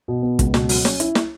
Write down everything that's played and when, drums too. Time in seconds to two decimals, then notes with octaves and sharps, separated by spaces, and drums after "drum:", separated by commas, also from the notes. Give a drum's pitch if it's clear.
0.08 B2
0.23 B3
0.39 C#2, drum: kick, hi-hat
0.54 B2, drum: snare
0.69 F#3, drum: open hi-hat
0.85 C#4, drum: snare
1.00 E4, drum: hi-hat
1.15 drum: snare